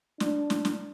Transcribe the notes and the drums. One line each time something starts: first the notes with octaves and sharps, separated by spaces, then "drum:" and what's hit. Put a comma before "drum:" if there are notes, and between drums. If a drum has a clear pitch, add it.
D4, drum: snare
drum: snare
drum: snare